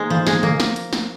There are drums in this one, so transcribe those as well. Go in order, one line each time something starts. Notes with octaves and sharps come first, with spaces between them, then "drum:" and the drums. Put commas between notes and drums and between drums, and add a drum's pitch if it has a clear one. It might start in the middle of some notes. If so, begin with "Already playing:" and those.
Already playing: G#3 A#3 D#4 C5
F3
G#3, drum: snare
A#3, drum: tom C3
drum: snare
drum: hi-hat
drum: snare